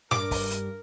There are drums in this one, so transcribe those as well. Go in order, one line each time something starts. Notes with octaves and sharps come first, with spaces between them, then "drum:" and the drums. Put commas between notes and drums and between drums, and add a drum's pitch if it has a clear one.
G2 A#4 D6, drum: snare
drum: kick, open hi-hat
drum: hi-hat